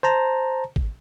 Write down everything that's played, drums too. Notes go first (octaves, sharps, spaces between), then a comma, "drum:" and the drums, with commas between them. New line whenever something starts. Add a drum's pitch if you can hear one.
C5 A5 A#5
drum: kick A1